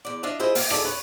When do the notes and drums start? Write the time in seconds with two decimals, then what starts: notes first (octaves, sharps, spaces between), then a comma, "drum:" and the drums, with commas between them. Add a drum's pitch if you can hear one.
0.05 E2 D5
0.23 D4 F4 D#5 E5
0.40 E4 F4 G#4 C5 D#5
0.55 A#3 F5 G5, drum: open hi-hat
0.70 D#4 E4 G#4 A4 D5 E5, drum: rim click
0.85 B4 C#5